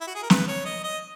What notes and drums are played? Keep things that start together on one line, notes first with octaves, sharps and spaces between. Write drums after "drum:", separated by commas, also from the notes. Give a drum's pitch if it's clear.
E4
F#4
G#4
A#4
B4, drum: snare
C#5
D#5
D#5